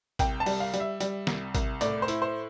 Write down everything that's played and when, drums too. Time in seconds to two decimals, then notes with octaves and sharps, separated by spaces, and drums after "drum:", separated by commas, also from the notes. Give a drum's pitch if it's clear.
0.19 C2 G5, drum: kick G#1, hi-hat
0.40 A5
0.46 G3, drum: open hi-hat
0.60 F5
0.74 G3, drum: hi-hat
0.80 E5
1.00 G3, drum: hi-hat
1.27 C2, drum: snare
1.55 C2, drum: kick G#1, hi-hat
1.81 A2 D5, drum: hi-hat
2.02 C5
2.08 E4, drum: hi-hat
2.22 C5